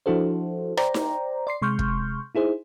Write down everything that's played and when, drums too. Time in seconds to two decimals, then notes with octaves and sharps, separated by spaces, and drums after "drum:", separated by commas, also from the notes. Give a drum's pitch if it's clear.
0.06 F3 D4 E4 F#4 A4 C5
0.77 C5 D5 G5 A#5, drum: rim click
0.94 drum: snare D#4
1.47 D5 C6 C7
1.62 C3 G#3 C6 C#6 F6 G6
1.79 drum: kick
2.35 D#4 E4 G#4 C5